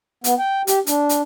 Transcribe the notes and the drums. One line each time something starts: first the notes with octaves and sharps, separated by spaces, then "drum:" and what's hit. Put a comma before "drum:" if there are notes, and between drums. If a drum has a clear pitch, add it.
B3, drum: hi-hat
G5
G4, drum: hi-hat
D4, drum: hi-hat
drum: hi-hat